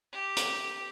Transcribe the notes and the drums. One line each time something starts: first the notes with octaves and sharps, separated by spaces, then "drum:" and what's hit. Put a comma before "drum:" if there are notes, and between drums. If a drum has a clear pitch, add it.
G4
drum: hi-hat